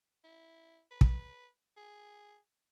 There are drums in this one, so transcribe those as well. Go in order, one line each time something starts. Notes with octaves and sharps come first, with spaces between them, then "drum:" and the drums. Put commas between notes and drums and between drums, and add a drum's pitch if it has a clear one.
E4
B4
drum: kick
G#4